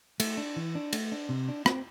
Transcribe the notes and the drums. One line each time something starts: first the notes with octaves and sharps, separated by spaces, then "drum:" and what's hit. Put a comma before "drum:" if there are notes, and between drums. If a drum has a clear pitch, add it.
A3, drum: cymbal
D4
E3
D4
A3, drum: cymbal
D4
C3
D4
C4, drum: rim click